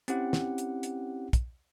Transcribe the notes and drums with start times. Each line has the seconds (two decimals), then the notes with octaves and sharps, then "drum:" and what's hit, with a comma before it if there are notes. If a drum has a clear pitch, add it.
0.08 C4 C#4 E4 G4 F#5, drum: hi-hat
0.33 drum: snare
0.58 drum: hi-hat
0.83 drum: hi-hat
1.33 drum: kick, hi-hat